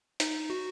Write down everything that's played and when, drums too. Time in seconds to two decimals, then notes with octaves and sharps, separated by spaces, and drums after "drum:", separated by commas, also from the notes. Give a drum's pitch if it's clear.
0.20 D#4, drum: hi-hat
0.50 F#4